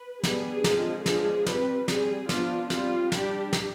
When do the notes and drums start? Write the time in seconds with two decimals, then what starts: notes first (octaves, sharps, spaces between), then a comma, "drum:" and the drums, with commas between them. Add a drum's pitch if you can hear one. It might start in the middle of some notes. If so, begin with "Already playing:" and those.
Already playing: B4
0.23 G3 B3 D4 G#4, drum: snare
0.64 D3 F3 G#3 C4, drum: snare
1.06 F3 G#3 B3 D4 G#4, drum: snare
1.46 G3 C4 B4, drum: snare
1.88 G3 C4 G#4, drum: snare
2.29 F3 B3 D4 F4, drum: snare
2.70 G3 C4 F4, drum: snare
3.12 G3 D4 G4, drum: snare
3.53 drum: snare